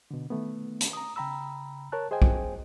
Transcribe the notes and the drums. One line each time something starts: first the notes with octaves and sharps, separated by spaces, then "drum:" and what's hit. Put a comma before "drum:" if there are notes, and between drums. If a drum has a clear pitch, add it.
B2 D3
D#3 A3 B3
drum: hi-hat
A#5 D#6
C#3 G5 A#5 B5 E6
A#4 C#5 A5 F#6
G#4 C5 D#5 G5 G#5
drum: kick